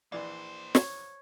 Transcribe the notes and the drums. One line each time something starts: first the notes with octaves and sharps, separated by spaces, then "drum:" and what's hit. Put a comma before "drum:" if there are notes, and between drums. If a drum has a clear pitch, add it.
A#1 E3 A#3 C5 D5
C#5, drum: snare